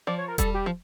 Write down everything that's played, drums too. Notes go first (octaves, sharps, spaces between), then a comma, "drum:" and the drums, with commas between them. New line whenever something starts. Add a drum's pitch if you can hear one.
F3 D5
C#5
A#4
G3 A4, drum: kick E1, hi-hat
G4
F3